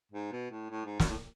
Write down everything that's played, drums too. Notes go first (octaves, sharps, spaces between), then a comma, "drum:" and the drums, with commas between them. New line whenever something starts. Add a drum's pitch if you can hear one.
G#2
B2
A2
A2
G#2
F#2, drum: snare
A2